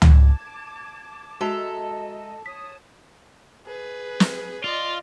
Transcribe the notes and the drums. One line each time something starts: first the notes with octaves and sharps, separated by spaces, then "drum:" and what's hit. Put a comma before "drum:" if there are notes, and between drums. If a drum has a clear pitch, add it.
A5 D6 G#6, drum: tom C#2
G#3 F#4 A4 D#5 E5 A5 A#5
C#5 A5 D#6 B6
G#4 B4
drum: snare
F4 D5 D#5